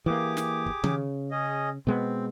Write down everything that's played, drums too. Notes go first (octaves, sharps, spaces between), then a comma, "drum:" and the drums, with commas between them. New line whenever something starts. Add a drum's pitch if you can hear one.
E3 A#3 G4 G#4 D6
drum: snare
drum: kick
C#3, drum: tom D#3
C#4 G#4 D#5
B2 G#3 B3 C4